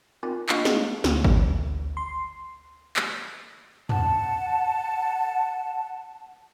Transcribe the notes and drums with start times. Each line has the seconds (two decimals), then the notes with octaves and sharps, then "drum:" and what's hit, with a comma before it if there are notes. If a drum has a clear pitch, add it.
0.23 C4 D#4 F4 A#4 G5
0.49 A#3 D4 F4 D#5 F5 C#6, drum: clap
0.65 G#4, drum: snare
1.04 D2, drum: snare
1.24 drum: kick G#1
1.97 C6
2.96 drum: clap
3.89 F#5 A5, drum: tom